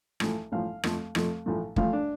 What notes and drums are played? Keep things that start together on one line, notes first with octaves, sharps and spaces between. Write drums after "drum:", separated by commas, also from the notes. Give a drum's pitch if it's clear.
A1 A2 F3, drum: rim click
A1 A2 F3 F5
F2 F3 A3, drum: rim click
F2 F3 A3, drum: rim click
A1 A2 F3 A3
A1 A2 F3 A3 F5, drum: kick
D4